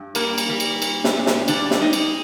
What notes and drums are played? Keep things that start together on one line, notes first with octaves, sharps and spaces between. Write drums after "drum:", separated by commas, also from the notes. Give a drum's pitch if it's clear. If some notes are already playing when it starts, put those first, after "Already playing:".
Already playing: G2
G3 A#3 A#4, drum: cymbal
drum: cymbal
G3
drum: cymbal
A#2, drum: cymbal
drum: snare
A#2
drum: snare
G3 D4 D5, drum: cymbal
drum: snare
G3 D#4 D#5
drum: cymbal